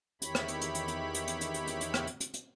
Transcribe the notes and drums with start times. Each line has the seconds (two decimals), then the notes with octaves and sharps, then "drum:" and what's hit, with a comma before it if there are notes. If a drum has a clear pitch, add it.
0.22 E2 D#3 E4 G4 C#5 B5, drum: hi-hat
0.35 drum: rim click
0.48 drum: hi-hat
0.61 drum: hi-hat
0.75 drum: hi-hat
0.88 drum: hi-hat
1.14 drum: hi-hat
1.28 drum: hi-hat
1.41 drum: hi-hat
1.54 drum: hi-hat
1.67 drum: hi-hat
1.81 drum: hi-hat
1.94 drum: rim click
2.07 drum: hi-hat
2.20 drum: hi-hat
2.34 drum: hi-hat